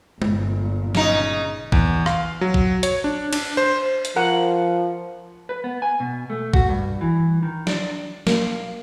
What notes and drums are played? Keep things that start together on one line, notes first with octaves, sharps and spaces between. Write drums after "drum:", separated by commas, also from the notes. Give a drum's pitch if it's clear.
G1 A#2, drum: tom G#3
C#3 D#4, drum: snare
E2, drum: kick A1
F5, drum: rim click
F#3
drum: kick A1
C#5, drum: hi-hat
D4
D4, drum: cymbal
C5
drum: hi-hat
F3 A#4 F#5
B4
B3
G#5
B2
A3
F#4, drum: kick A1
G2
E3
D#3
D4, drum: snare
A#3, drum: snare